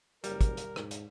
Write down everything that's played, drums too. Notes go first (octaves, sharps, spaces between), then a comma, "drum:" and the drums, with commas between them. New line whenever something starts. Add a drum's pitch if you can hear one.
F#1 G3 A#4, drum: hi-hat
drum: kick, hi-hat
drum: hi-hat
G#2, drum: rim click
drum: hi-hat